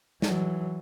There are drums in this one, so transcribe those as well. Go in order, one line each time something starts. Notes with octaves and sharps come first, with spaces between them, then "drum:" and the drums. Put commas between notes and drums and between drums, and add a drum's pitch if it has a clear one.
E3 F#3, drum: snare